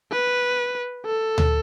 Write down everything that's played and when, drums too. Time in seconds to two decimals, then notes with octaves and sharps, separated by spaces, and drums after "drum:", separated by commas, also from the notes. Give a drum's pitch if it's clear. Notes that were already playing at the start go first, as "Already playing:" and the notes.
0.12 B4
1.06 A4
1.38 drum: tom D2